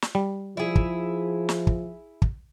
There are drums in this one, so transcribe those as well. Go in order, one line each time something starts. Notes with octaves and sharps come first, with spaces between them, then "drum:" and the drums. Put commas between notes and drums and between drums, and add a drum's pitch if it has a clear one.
drum: snare
G3
F3 E4 G#4
drum: kick
drum: snare
drum: kick
drum: kick